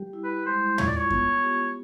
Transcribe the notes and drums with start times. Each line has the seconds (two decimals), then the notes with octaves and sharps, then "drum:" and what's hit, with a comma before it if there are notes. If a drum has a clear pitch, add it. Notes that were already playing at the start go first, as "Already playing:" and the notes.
Already playing: G3 G4
0.13 E4
0.24 B4
0.46 G#3 C5
0.78 F4 C#5, drum: tom
0.87 D5
0.97 C#5
1.10 B3, drum: kick F#2
1.44 G4